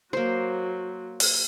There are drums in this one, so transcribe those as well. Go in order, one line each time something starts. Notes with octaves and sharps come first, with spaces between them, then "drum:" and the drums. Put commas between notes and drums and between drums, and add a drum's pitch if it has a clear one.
F#3 A#3 C5
drum: open hi-hat